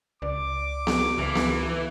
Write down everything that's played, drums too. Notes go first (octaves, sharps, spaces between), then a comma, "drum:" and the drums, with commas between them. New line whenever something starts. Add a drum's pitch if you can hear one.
C#2 D5 D6
drum: snare B3
C#2 E3 A4 E5 F5
drum: snare B3